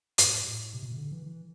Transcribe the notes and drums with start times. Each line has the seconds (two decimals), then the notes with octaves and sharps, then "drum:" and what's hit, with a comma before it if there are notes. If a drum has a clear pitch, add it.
0.18 G2, drum: hi-hat
0.26 A2
0.40 A2
0.73 C3
0.83 B2
0.92 C3
0.97 D3
1.12 E3
1.26 E3